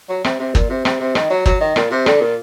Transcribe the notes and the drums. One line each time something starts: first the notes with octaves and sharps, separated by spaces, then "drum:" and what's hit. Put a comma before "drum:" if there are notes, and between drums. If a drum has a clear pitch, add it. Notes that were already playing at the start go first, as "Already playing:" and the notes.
F#3
C3, drum: rim click
C3
A#2, drum: kick
C3
C3, drum: rim click
C3
D#3, drum: rim click
F#3
F#3, drum: kick
D#3
A#2, drum: rim click
C3
D3, drum: rim click
A#2